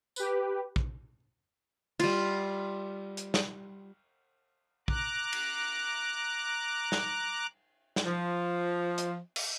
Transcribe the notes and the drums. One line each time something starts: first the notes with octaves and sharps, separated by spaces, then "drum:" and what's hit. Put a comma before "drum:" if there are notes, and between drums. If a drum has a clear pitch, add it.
G4 B4, drum: tambourine
drum: kick
G3 F4, drum: cymbal
drum: hi-hat
drum: snare
A#5 D6 F#6, drum: kick
drum: cymbal
drum: snare
drum: snare
F3
drum: hi-hat
drum: cymbal